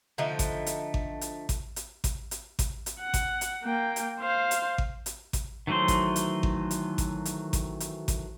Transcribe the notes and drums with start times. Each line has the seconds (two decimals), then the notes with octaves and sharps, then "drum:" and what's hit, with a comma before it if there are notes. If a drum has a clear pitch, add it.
0.18 D3 F3 A3 D#4
0.39 drum: kick G#1, hi-hat
0.66 drum: hi-hat
0.94 drum: kick G#1
1.21 drum: hi-hat
1.49 drum: kick G#1, hi-hat
1.76 drum: hi-hat
2.04 drum: kick G#1, hi-hat
2.31 drum: hi-hat
2.59 drum: kick G#1, hi-hat
2.86 drum: hi-hat
3.00 F#5
3.14 drum: kick G#1, hi-hat
3.41 drum: hi-hat
3.64 A#3 G5
3.96 drum: hi-hat
4.20 C5 F5
4.51 drum: hi-hat
4.78 drum: kick G#1
5.06 drum: hi-hat
5.33 drum: kick G#1, hi-hat
5.67 D#3 E3 F#3 A3 C5
5.88 drum: kick G#1, hi-hat
6.16 drum: hi-hat
6.43 drum: kick G#1
6.71 drum: hi-hat
6.98 drum: kick G#1, hi-hat
7.25 drum: hi-hat
7.53 drum: kick G#1, hi-hat
7.80 drum: hi-hat
8.08 drum: kick G#1, hi-hat